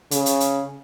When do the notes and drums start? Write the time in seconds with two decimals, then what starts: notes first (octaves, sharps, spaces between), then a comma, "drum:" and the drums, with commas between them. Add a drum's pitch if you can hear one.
0.11 C#3, drum: hi-hat
0.26 drum: hi-hat
0.40 drum: hi-hat